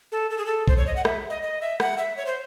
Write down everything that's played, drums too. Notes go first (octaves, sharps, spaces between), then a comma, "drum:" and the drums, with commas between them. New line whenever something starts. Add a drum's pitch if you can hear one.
A4
A4
G#4
A4
C5, drum: kick A#1
C#5
D#5
F#5
E5, drum: rim click
D#5
D#5
E5
F#5, drum: rim click
E5
C#5
C5